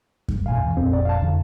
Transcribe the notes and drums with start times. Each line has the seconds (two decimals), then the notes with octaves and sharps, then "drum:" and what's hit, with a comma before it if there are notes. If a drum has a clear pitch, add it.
0.28 drum: kick F#2
0.46 B1 G#2 B2 F5 G#5
0.63 E2 C3
0.77 F1 A#1 F2 C4
0.93 D5
1.05 F5 A5
1.22 F2 D3